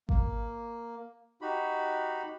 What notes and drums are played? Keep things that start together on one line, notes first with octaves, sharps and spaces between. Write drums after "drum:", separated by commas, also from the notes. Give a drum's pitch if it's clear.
A#3, drum: kick G#1
D#4 F#4 G4 B5